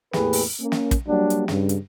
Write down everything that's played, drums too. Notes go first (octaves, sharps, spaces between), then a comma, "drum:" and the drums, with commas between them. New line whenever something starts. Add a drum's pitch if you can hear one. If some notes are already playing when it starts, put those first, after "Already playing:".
E2 A2 A#3 G4 G#4 B4, drum: snare
drum: open hi-hat
A#3 C#4
drum: snare
drum: kick, hi-hat
F#3 G3 A#3 D4 F#4
drum: hi-hat
G2 C#3, drum: snare
drum: hi-hat